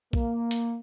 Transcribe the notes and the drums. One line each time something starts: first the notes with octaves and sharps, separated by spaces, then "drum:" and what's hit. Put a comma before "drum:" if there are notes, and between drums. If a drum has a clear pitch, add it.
A#3, drum: kick A#1
drum: hi-hat